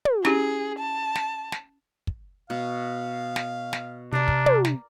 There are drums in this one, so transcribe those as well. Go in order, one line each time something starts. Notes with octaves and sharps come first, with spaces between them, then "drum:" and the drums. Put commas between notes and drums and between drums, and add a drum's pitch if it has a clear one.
drum: tom
C#4 E4 G4 G#4, drum: snare
A5
drum: snare
drum: snare
drum: kick
B2 F5
drum: snare
drum: snare
C3 D4 A#4 D5
drum: kick
drum: tom
drum: snare